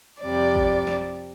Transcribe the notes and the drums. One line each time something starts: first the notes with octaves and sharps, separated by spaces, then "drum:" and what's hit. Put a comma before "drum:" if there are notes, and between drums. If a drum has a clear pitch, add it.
F2 C3 G3 D5
drum: kick G#1
drum: snare